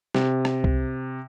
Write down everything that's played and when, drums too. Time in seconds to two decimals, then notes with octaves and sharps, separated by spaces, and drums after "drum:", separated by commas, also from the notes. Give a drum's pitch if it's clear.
0.15 C3, drum: snare
0.45 drum: rim click
0.64 drum: kick C2